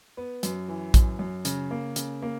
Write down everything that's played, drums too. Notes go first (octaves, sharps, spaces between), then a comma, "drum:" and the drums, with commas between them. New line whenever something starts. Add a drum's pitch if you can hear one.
B3
F#2, drum: hi-hat
E3
F#2, drum: kick A#1, hi-hat
F#2
C#3, drum: hi-hat
A#3
C#3, drum: hi-hat
A#3